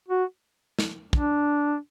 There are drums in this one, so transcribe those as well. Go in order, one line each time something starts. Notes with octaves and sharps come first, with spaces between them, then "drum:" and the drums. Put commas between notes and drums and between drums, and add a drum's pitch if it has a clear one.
F#4
drum: snare
D4, drum: kick